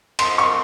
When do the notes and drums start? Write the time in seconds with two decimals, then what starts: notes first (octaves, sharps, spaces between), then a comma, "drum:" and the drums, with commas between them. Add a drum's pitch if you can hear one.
0.19 C6, drum: cymbal
0.38 C#6